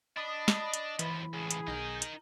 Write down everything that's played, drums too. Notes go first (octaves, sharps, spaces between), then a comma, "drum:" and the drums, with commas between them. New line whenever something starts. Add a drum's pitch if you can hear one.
D4 D#5 B5 D#6
drum: snare
drum: hi-hat
D#2 E3 F3 B5, drum: hi-hat
C#2 A2 G#4
drum: hi-hat
B1 D#4 A#4 G6
drum: hi-hat